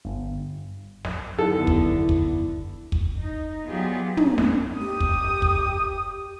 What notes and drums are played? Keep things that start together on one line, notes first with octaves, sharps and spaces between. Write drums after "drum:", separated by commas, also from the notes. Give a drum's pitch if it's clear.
G1
drum: snare
F#2 D3 D#3 B3 E4 A4
drum: kick
drum: kick
drum: kick
D#4
F#3 G3 B3 F4 G4 G#4
drum: tom
drum: snare
G4 D#6
drum: kick
drum: kick